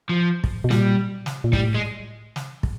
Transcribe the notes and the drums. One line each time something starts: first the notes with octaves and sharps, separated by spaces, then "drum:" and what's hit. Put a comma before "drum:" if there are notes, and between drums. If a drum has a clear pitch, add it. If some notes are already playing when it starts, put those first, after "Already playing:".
F3
drum: kick
B2
A#2 G3, drum: snare
drum: snare
A#2
A2 G3, drum: kick
G#3
drum: snare
drum: kick